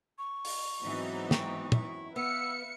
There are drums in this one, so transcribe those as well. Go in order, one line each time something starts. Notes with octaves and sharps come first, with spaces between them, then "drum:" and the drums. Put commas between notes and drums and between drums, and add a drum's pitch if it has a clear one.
C#6
drum: open hi-hat
G#2 E3 F#3 B3 C4 D#4
G5 C#6, drum: snare
F#2 E4, drum: tom
B3 B4 E5 F5 E6 C#7